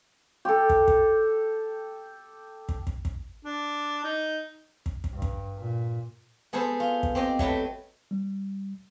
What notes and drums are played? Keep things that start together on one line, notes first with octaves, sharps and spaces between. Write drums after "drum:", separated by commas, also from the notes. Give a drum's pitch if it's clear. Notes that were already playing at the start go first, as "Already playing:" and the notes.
G4 A4
drum: kick
drum: kick
drum: kick
drum: kick
drum: kick
D4
D#4
drum: kick
drum: kick
G2
drum: kick
A#2
B3 G#4 A4 B4 C5
F4
drum: kick
C4 G4 C5 D#5
F#3 A3 B4 G5, drum: kick
G3